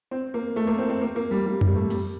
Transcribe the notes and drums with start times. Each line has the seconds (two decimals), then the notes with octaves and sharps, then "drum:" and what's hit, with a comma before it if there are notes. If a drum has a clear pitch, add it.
0.11 C4
0.34 A#3
0.56 A3
0.67 A#3
0.78 C4
0.89 C4
1.01 A#3
1.16 A#3
1.31 G3
1.46 G3
1.61 G3, drum: tom F#2
1.76 A3
1.90 G3, drum: open hi-hat